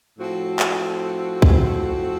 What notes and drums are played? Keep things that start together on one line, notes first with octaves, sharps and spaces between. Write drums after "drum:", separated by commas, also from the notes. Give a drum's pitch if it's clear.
A2 F3 C4 F#4 A4
drum: clap
drum: kick